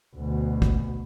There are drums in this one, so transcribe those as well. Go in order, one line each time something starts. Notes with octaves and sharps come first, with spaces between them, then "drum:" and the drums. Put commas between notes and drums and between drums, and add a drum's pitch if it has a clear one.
D2 B2
drum: kick